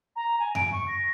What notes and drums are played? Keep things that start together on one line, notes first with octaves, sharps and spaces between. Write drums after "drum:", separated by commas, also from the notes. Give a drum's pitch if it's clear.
A#5
G#5
D7, drum: tom F#2
C#6
A#6